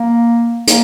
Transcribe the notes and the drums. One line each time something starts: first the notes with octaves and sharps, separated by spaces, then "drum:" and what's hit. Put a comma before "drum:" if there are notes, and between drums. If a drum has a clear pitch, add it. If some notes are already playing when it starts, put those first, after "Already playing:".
Already playing: A#3
A#3, drum: hi-hat